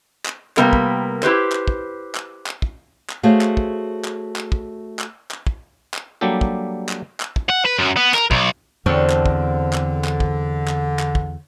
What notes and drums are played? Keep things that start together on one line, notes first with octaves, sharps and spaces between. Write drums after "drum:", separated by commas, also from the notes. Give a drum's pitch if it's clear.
drum: clap
C3 G3 A#3 B3 A#4, drum: clap
drum: kick
E4 G4 B4 C5, drum: clap
drum: clap
drum: kick
drum: clap
drum: clap
drum: kick
drum: clap
A3 F#4 G#4 C5 C#5 F5
drum: clap
drum: kick
drum: clap
drum: clap
drum: kick
drum: clap
drum: clap
drum: kick
drum: clap
F#3 G3 A#3 D4 G4 A4
drum: kick
drum: clap
drum: clap
drum: kick
F#5
B4
F#2
B3
A#4, drum: clap
B1, drum: kick
E2 D3 C4 D4 C#5
drum: clap
drum: kick
drum: clap
drum: clap
drum: kick
drum: clap
drum: clap
drum: kick